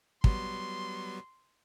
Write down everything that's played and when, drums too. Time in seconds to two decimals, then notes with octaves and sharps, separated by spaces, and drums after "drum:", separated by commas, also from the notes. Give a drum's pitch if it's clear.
0.24 F#3 G3 B3 C6, drum: kick